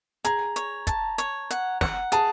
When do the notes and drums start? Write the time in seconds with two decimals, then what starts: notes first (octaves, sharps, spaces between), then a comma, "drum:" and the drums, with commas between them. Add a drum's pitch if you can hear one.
0.25 G#4 A#5, drum: hi-hat
0.56 C#5, drum: hi-hat
0.87 A5, drum: kick, hi-hat
1.18 C#5, drum: hi-hat
1.51 F#5, drum: hi-hat
1.81 F#5, drum: snare
2.12 G#4 A5, drum: hi-hat